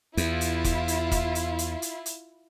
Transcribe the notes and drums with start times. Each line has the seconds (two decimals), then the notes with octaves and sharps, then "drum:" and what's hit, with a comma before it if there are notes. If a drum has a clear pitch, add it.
0.17 E2 E4 F4, drum: hi-hat
0.41 drum: hi-hat
0.64 drum: kick, hi-hat
0.88 drum: hi-hat
1.12 drum: kick, hi-hat
1.35 drum: hi-hat
1.59 drum: hi-hat
1.82 drum: hi-hat
2.06 drum: hi-hat